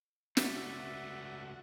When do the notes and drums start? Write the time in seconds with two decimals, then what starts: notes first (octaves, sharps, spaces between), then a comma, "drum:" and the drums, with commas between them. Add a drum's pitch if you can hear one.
0.37 C#2 A3 F#4 D5 E5, drum: snare